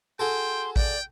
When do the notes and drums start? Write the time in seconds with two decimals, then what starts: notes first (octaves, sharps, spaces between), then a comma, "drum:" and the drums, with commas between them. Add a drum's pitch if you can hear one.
0.19 F#4 G#4 A4 G5 C6
0.76 D5 G5, drum: kick A1